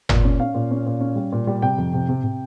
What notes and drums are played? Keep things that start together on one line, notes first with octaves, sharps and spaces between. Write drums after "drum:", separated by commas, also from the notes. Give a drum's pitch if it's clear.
A#2, drum: tom G1
C#4
C#4 F5
A#2
C#4
A#2
C#4
G3
A#2
G3
C3 G5
F2
C3
C3
C3